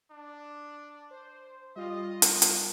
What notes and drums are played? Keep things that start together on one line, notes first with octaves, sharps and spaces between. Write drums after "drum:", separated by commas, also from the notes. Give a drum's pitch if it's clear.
D4
C5
G3 F4 D#5
drum: hi-hat
drum: hi-hat